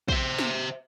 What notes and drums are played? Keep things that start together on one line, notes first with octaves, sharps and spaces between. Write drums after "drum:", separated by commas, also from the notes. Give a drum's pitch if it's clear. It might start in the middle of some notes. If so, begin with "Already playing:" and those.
C5 E5, drum: kick
drum: snare